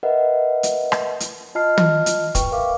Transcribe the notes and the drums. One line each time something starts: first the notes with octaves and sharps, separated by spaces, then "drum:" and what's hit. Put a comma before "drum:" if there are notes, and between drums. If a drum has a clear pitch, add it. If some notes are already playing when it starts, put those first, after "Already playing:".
A#4 B4 D#5 E5 F#5
drum: hi-hat
drum: rim click
drum: hi-hat
F4 D#5 A5 F6 C7
drum: tom
drum: hi-hat
B4 G5 C#6, drum: kick, hi-hat
A#4 E5 F5 D6